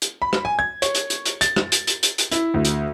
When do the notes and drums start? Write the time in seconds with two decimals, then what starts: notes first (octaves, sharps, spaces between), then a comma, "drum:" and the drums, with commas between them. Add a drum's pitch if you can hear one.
0.02 drum: hi-hat
0.22 B5
0.33 drum: rim click
0.45 G#5
0.59 G#6
0.82 C#5, drum: hi-hat
0.95 drum: hi-hat
1.10 drum: hi-hat
1.26 drum: hi-hat
1.41 A6, drum: hi-hat
1.56 drum: rim click
1.72 drum: hi-hat
1.87 drum: hi-hat
2.03 drum: hi-hat
2.18 drum: hi-hat
2.32 E4, drum: hi-hat
2.54 D2
2.65 drum: hi-hat